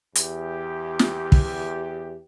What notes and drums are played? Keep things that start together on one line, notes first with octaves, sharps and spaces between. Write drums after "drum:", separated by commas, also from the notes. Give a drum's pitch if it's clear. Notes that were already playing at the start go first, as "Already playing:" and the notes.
E2 G4, drum: hi-hat
drum: snare
drum: kick